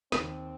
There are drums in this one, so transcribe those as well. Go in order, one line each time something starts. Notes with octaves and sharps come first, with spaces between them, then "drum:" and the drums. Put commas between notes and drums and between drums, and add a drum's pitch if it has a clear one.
D#2 C4, drum: snare